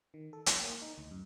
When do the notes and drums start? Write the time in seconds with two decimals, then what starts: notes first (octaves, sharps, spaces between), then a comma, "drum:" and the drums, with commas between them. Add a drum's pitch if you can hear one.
0.14 D#3
0.33 A4
0.46 C6, drum: hi-hat
0.61 A#3
0.82 D#4
0.98 D2
1.11 F#2